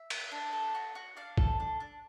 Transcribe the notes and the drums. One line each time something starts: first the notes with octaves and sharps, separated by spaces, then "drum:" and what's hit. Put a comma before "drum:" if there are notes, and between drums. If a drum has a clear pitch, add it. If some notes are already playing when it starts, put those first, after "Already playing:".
Already playing: E5
A#3, drum: cymbal
D4
A4
F#4
F#4
D4 F5
A4, drum: kick
D4
D4